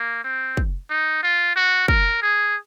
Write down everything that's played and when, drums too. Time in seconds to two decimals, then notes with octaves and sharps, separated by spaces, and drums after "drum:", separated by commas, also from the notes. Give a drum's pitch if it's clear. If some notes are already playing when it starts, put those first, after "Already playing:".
Already playing: A#3
0.24 C4
0.57 drum: kick
0.90 D#4
1.23 F4
1.56 F#4
1.88 A#4, drum: kick
2.22 G#4